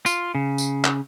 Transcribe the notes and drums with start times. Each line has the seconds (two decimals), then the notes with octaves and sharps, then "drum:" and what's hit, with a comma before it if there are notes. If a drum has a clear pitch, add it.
0.06 F4, drum: tambourine
0.35 C#3
0.58 drum: tambourine
0.84 drum: clap